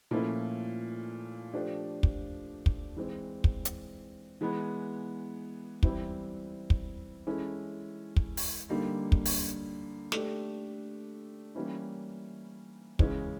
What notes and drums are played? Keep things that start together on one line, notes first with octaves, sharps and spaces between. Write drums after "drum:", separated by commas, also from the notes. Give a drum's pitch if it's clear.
A#2 F3 A3 C#4 E4
F3 A3 D4 G4 C5
drum: kick
drum: kick
E3 G#3 C4
drum: kick
drum: hi-hat
E3 G#3 B3
E3 G3 C4 E4, drum: kick
drum: kick
E3 G#3 C#4 E4 A4
drum: kick
drum: open hi-hat
D3 G3 A#3 D#4
drum: kick
drum: open hi-hat
A3 D4 G4, drum: snare
E3 G3 A#3 C#4 E4
C#3 E3 G#3 C#4, drum: kick